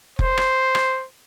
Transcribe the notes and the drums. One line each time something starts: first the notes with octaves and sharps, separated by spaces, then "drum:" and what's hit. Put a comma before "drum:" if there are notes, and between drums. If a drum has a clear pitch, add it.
C5, drum: kick F1
drum: rim click
drum: rim click